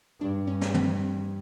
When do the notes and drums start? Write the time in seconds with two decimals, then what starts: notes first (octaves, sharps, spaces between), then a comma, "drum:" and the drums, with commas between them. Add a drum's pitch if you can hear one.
0.21 G2 D4
0.47 C#4
0.61 drum: snare
0.74 C4, drum: tom